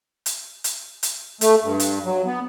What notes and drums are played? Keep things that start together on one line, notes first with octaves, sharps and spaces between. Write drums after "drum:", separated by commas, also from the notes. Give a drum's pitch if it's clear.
drum: hi-hat
drum: hi-hat
drum: hi-hat
A3, drum: hi-hat
G2
drum: hi-hat
F#3
B3